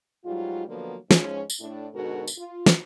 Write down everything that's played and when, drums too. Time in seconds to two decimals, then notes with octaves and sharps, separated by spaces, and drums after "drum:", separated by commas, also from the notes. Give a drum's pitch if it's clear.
0.25 G#2 F#3 G3 F4
0.68 D3 F3 F#3 A#3 B3 D4
1.11 G#2 F3 G#3 C#4, drum: snare
1.50 drum: tambourine
1.61 A2 D4
1.94 G#2 B2 D3 F#4 A4 A#4
2.28 drum: tambourine
2.38 F4
2.66 drum: snare